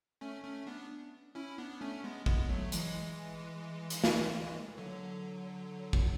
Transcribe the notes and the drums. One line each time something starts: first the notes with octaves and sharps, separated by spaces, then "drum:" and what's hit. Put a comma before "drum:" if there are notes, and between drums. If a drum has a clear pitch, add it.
A3 C#4
A3 C#4
B3 D4
C#4 E4
B3 D4
A3 C#4
G#3 B3
G#3 B3, drum: kick
F#3 A3
E3 G#3, drum: hi-hat
drum: hi-hat
drum: snare
D3 F#3
drum: kick